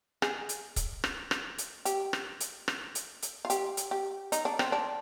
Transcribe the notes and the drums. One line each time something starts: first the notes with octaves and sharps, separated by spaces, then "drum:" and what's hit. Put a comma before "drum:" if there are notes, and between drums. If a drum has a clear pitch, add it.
G#4, drum: rim click
drum: hi-hat
drum: kick C#1, hi-hat
drum: rim click
drum: rim click
drum: hi-hat
G4, drum: hi-hat
drum: rim click
drum: hi-hat
drum: rim click
drum: hi-hat
drum: hi-hat
F4
G4, drum: hi-hat
drum: hi-hat
G4
D#4, drum: hi-hat
D4
C4, drum: rim click
D4